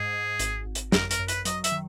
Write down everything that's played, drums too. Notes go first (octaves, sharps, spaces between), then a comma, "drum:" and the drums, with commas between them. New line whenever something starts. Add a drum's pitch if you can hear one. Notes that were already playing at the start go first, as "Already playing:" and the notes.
Already playing: G#2 G#4
G#2
G#1, drum: hi-hat
G#1
drum: hi-hat
F#2 A#4, drum: snare
A#4, drum: hi-hat
F#2
B4, drum: hi-hat
F#3 D#5, drum: hi-hat
E5, drum: hi-hat
D#3